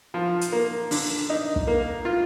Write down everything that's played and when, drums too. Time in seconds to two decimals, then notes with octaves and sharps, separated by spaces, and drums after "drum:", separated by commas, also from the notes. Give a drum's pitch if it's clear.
0.14 F3
0.41 drum: hi-hat
0.52 A#3
0.91 D3, drum: open hi-hat
1.29 D#4
1.56 drum: kick
1.67 A#3
2.05 F4